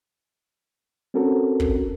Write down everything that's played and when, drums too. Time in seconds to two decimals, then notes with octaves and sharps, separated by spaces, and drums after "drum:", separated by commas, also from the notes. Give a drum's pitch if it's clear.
1.14 C4 C#4 F#4 A4 A#4
1.60 drum: kick